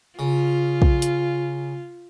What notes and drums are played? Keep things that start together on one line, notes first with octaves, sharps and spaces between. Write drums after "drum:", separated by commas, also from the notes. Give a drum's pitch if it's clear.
C#3 F4
drum: kick
drum: hi-hat